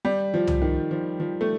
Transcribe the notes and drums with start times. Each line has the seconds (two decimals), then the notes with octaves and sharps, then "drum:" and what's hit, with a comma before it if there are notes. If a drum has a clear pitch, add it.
0.05 G3
0.34 F3
0.47 drum: tom C2
0.62 D#3
0.91 F3
1.20 F3
1.41 A3